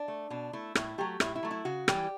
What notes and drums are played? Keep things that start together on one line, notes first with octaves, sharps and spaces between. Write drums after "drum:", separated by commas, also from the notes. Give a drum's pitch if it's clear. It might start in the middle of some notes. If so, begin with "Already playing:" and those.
Already playing: D4
A3
B2 D4
A3 E4
A2 E4, drum: rim click
F#3 A3 G4
A2 E4, drum: rim click
E4
F#3 A3
E4
C#3 F#4
E3 G3 G4, drum: rim click